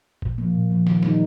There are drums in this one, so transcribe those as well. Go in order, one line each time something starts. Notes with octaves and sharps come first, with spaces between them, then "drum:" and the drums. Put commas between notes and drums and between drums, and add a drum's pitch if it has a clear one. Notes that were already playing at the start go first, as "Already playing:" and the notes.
A#2, drum: kick G1
F3 A#3
A#2
F3 A#3
D#3, drum: snare
G3 A#3 D#4, drum: snare